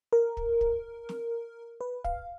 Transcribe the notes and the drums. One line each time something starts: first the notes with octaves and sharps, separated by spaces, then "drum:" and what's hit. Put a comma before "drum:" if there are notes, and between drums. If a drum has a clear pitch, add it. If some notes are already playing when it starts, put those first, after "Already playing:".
A#4
drum: kick
drum: kick
drum: snare
B4
F5, drum: kick